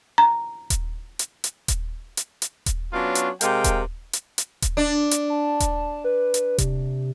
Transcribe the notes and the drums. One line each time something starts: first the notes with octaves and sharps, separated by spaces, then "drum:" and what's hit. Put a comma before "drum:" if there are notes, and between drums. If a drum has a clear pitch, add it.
A#5
drum: kick D#1, hi-hat
drum: hi-hat
drum: hi-hat
drum: kick D#1, hi-hat
drum: hi-hat
drum: hi-hat
drum: kick D#1, hi-hat
F#3 B3 C#4 D4 F4 F#4
drum: hi-hat
C3 G#3 A#4 F5 G5, drum: hi-hat
drum: kick D#1, hi-hat
drum: hi-hat
drum: hi-hat
drum: kick D#1, hi-hat
D4
drum: hi-hat
A5
drum: kick D#1, hi-hat
B4
drum: hi-hat
C3, drum: kick D#1, hi-hat